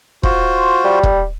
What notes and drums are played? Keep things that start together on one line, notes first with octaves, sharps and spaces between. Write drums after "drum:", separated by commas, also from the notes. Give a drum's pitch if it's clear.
F4 F#4 C5, drum: kick
G3
drum: kick